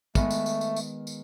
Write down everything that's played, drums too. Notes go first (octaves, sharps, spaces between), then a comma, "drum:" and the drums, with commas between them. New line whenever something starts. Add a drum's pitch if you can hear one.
D#3 G#3 A3 B3, drum: kick, tambourine
drum: tambourine
drum: tambourine
drum: tambourine
drum: tambourine
drum: tambourine